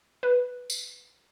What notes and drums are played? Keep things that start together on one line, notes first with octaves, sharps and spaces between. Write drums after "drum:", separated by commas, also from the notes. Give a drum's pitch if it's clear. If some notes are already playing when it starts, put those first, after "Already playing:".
B4
drum: tambourine